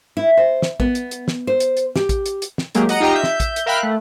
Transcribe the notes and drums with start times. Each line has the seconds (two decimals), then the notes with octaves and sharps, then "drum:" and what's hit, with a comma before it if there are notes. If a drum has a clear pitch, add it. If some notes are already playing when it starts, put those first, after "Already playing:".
0.17 E4
0.37 C5
0.62 drum: snare
0.80 B3, drum: kick
0.95 drum: hi-hat
1.11 drum: hi-hat
1.28 drum: snare
1.47 C5
1.60 drum: hi-hat
1.77 drum: hi-hat
1.96 G4, drum: snare
2.09 drum: kick, hi-hat
2.26 drum: hi-hat
2.42 drum: hi-hat
2.58 drum: snare
2.75 F#3 G#3 A#3 G4 G#4, drum: hi-hat
2.89 D#5 F#5 A#5 C#7 D#7, drum: hi-hat
3.00 D#4 F4 G4 D#5 G5 A#5
3.14 E5 G6
3.24 drum: snare
3.40 drum: kick, hi-hat
3.56 drum: hi-hat
3.66 A#4 E5 F5 G5 B5 F#6
3.83 A3